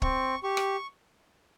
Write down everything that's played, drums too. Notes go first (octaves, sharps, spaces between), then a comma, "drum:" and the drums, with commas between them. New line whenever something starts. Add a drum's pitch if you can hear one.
C4 C#6, drum: kick
G4 C#6
drum: rim click